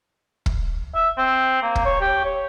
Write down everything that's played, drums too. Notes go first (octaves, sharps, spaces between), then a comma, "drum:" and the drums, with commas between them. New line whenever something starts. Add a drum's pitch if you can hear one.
drum: kick
E5
C4
A#3
drum: kick
C#5
G4
C#5